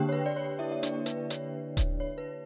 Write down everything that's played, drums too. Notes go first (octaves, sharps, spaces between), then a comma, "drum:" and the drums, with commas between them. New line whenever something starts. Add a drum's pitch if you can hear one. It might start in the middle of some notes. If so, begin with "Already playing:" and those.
Already playing: D3 A#3 D4 G4 G5
C#5
B4
D5
C#5
E4 E5
E5
D4 D5, drum: hi-hat
B4, drum: hi-hat
C#5, drum: hi-hat
drum: kick D#1, hi-hat
C#5
B4